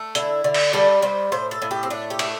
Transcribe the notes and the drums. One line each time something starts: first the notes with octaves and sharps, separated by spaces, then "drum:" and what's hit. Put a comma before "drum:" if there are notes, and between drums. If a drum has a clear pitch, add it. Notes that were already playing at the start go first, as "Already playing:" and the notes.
Already playing: A3
D3 E4, drum: hi-hat
D3
drum: cymbal
G3 A4
G3 C5
A2 C5
A4
A2
G4
C4
A3 D4
G4
A3, drum: cymbal